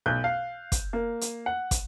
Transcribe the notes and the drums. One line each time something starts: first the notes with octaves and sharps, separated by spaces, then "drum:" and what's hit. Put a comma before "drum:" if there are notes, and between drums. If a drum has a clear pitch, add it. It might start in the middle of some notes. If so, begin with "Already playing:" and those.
B1 F#6 G6
F5
drum: kick, hi-hat
A#3
drum: hi-hat
F#5
drum: kick, hi-hat